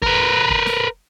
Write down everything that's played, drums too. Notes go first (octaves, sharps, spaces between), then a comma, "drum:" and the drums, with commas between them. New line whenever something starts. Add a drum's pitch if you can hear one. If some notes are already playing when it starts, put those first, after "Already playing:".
A#4 B4, drum: kick
drum: kick
drum: snare